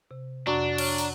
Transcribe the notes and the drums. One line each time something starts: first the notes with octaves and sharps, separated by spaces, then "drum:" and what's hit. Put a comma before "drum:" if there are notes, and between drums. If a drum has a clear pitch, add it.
C3
F2 C3 F#3 D4
C#5 F6, drum: cymbal
A#5, drum: tambourine